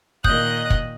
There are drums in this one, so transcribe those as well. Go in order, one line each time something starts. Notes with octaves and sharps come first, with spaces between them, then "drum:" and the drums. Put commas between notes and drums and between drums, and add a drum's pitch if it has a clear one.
A#2 D#3 D#5 D#6 F#6 G6, drum: kick
drum: kick